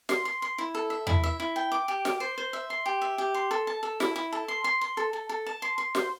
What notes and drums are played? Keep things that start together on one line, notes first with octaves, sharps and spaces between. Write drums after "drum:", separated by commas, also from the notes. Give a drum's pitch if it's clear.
C6, drum: snare
C6
C6
E4
A4
E5
E4, drum: tom E2
E5
E4
G5
D6
G4
D6, drum: snare
C5
C5
E5
C6
G4
E5
G4
C6
A4
A5
A4
E4, drum: snare
E4
A4
C6
C6
C6
A4
A4
A4
A5
C6
C6
C5, drum: snare